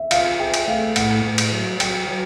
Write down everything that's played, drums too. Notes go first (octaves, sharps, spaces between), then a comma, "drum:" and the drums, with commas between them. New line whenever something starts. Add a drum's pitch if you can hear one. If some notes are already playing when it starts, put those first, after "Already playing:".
Already playing: E5
F4 F5, drum: cymbal
G#4 G5
drum: cymbal
A3 F5
A2 F#5, drum: cymbal
A2
drum: cymbal
F#3
F#3 G5, drum: cymbal
F#3